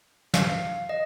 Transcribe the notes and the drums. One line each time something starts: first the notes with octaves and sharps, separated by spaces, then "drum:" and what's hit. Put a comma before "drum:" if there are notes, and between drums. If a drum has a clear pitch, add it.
F5, drum: snare
D#5